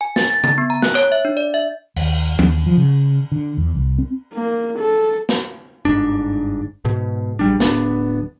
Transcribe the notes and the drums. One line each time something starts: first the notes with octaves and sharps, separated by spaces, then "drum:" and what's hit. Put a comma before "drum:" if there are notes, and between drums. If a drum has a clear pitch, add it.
G#5
A6, drum: snare
A6
A6, drum: tom C#3
B3
A#5
F#6, drum: snare
C#5, drum: clap
E5
D4
D5
E5
D#2, drum: cymbal
D#2, drum: tom E3
F3
C#3
D3
E2
C2
C4
A#3
A4
drum: snare
G1 G#2 D4
G#2 B2
A#1 G3 D4
D1 G#1 B3 D4, drum: snare